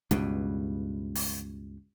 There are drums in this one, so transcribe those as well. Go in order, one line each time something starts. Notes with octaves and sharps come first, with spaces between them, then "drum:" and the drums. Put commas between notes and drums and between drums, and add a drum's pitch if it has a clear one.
C#2 G2 B2, drum: hi-hat
drum: open hi-hat